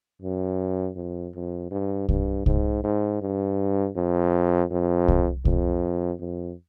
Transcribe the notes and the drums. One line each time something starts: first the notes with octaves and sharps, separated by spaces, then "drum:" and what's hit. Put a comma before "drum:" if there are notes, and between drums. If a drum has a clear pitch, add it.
F#2
F2
F2
G2
G2, drum: kick C2
G#2, drum: kick C2
G#2
G2
F2
F2
drum: kick C2
F2, drum: kick C2
F2